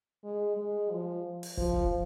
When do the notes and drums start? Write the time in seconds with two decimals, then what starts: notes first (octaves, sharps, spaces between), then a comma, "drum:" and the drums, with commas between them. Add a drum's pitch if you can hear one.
0.24 G#3
0.57 G#3
0.90 F3
1.43 drum: open hi-hat
1.57 F3, drum: kick
1.73 drum: kick